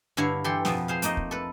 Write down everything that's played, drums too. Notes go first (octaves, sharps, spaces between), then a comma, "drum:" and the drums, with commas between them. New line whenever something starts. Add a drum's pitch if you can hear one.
G2 D3 E4 C#5 F5
E3 G4 A4 C6
F2 B2 F3 B3, drum: snare
G#4 C5 F5
A3 A#3 D#4 D#5, drum: hi-hat
drum: kick
A4 B4